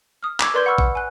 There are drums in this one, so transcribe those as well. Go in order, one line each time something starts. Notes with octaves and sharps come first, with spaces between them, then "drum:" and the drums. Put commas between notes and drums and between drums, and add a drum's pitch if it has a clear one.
D#6 F6
C#6 D6 E6 G#6, drum: clap
A#4 B4 D5 C6 G6 G#6
F#5 B5 C#6 E6 F6
F#5, drum: kick A1
G#5 F#6